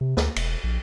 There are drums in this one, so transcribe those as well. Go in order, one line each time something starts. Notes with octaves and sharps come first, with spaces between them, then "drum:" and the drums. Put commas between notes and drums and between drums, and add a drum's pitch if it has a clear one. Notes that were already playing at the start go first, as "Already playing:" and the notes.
C3
D2, drum: snare
E1, drum: cymbal
A#1